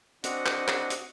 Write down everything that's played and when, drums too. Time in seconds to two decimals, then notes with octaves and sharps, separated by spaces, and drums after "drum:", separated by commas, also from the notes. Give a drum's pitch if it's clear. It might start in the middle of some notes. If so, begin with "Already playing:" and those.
0.24 C4 D4 F#4 D#5 F#5, drum: hi-hat
0.46 drum: clap
0.68 drum: clap
0.90 drum: hi-hat